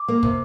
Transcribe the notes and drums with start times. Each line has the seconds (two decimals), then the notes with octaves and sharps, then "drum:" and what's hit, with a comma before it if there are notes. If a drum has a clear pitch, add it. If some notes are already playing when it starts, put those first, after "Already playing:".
Already playing: D6
0.08 A#3
0.23 C3, drum: kick